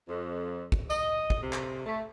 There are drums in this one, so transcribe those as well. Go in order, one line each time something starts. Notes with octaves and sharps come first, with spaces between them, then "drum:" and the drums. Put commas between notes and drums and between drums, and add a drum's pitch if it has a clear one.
F2
drum: kick
D#5, drum: tambourine
drum: kick
C3
drum: clap
A3